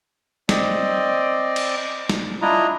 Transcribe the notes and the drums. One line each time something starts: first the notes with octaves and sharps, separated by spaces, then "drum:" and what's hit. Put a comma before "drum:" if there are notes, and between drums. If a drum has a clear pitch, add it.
C4 D5 D#5, drum: snare
drum: cymbal
drum: snare
D4 E4 F4 D#5 A#5